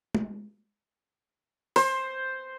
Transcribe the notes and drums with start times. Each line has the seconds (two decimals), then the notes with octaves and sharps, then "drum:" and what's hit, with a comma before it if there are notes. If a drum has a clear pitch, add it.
0.15 drum: tom G#3
1.76 C5, drum: open hi-hat